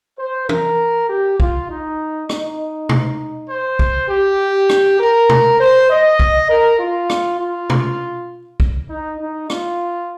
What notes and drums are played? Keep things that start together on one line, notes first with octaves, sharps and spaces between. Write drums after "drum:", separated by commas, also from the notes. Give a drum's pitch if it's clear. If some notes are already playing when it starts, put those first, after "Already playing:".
C5
A#4, drum: tom
G4
F4, drum: kick B1
D#4
D#4, drum: rim click
drum: tom B2
C5
drum: kick B1
G4
drum: rim click
A#4
drum: tom B2
C5
D#5
drum: kick B1
A#4
F4
drum: rim click
F4
drum: tom B2
drum: kick B1
D#4
D#4
F4, drum: rim click